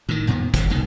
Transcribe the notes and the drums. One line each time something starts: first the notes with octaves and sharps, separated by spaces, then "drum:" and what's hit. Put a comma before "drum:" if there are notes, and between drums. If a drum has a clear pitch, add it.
A2 D#3
A#1 F2 A#2 B3
G#1 G#2 C3, drum: kick, hi-hat
F1 C2 B2 D#3